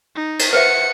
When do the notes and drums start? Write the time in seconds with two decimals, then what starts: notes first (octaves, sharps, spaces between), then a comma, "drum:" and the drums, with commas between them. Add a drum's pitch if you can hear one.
0.15 D#4
0.39 drum: cymbal
0.53 B4 C5 E5 F#5 C#7